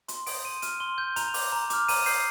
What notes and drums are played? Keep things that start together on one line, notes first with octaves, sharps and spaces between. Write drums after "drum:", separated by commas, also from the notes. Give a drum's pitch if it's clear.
C6, drum: hi-hat
D#6 G6 D7, drum: open hi-hat
C6 D#7
F6 D#7, drum: hi-hat
C6 G7
G6
A#5 F7, drum: hi-hat
D6 G6, drum: open hi-hat
A#5
D6 F6, drum: hi-hat
A#5 D#7, drum: open hi-hat
D#6 G6 C7, drum: open hi-hat